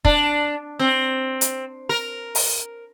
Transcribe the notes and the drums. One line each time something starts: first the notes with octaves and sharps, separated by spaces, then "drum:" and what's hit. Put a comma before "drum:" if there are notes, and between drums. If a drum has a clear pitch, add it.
D4, drum: kick
C4
drum: hi-hat
A#4
drum: open hi-hat